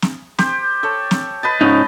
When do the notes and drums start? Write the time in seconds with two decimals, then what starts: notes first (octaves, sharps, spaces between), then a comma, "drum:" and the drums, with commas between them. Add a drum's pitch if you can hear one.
0.02 drum: snare
0.38 G4 C5, drum: snare
0.83 A4 C#5
1.11 drum: snare
1.43 B4 D#5 A5
1.61 G#2 C#4 D#4 D#5